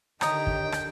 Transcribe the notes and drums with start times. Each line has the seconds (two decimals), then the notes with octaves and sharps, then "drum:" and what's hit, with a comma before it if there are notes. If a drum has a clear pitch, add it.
0.21 D3 D#3 G4 C#5 D#5 G5 A#5 D#6, drum: rim click
0.47 drum: kick
0.72 drum: rim click